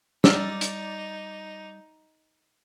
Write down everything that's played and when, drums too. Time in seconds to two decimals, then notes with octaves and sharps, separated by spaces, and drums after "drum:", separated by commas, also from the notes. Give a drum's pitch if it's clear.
0.24 G3 D#4 D5 E6 F6, drum: snare
0.61 drum: hi-hat